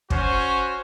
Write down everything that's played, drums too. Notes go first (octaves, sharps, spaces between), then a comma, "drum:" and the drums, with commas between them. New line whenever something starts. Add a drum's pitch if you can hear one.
C#4 F#4 C5, drum: kick